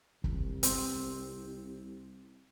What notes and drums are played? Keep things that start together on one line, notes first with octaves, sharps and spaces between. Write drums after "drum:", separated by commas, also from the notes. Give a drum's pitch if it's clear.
C2, drum: kick
C4, drum: hi-hat